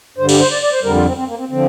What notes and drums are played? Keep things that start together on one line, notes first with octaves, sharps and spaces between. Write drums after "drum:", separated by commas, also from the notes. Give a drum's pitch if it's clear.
G2 D3 G3 C5
G4, drum: cymbal
C5
D5
D5
C5
F2 D3 G3 A#4
F4
C4
C4
A#3
C4
D3 F3 C4